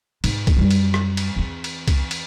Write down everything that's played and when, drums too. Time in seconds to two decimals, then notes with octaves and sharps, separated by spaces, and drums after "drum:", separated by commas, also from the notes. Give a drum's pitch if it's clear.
0.24 G#2, drum: cymbal
0.47 drum: kick C2, cymbal
0.56 F#2 G3
0.71 drum: cymbal
0.94 drum: rim click
1.17 drum: cymbal
1.36 E2 C4
1.64 drum: cymbal
1.88 drum: kick C2, cymbal
2.11 drum: cymbal